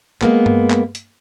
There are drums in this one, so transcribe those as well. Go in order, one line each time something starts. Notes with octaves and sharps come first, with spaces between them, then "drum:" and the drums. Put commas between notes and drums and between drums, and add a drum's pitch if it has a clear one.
G#3 A#3 B3, drum: clap
drum: tom G2
drum: clap
drum: hi-hat